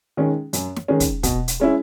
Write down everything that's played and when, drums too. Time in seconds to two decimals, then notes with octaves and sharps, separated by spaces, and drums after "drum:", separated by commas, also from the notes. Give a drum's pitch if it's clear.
0.17 D#3 G#3 C#4
0.53 F#2, drum: hi-hat
0.76 drum: snare
0.88 D#3 G#3 C#4
1.00 drum: kick, hi-hat
1.23 B2, drum: kick, hi-hat
1.48 drum: hi-hat
1.60 G#3 C#4 E4